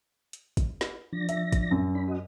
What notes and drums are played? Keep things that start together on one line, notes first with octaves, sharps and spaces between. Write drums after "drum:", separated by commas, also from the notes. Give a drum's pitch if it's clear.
drum: hi-hat
drum: kick, hi-hat
drum: snare
F3 D4 A#6
E5, drum: hi-hat
drum: kick, hi-hat
F#2
D4 B5
F#4 D#5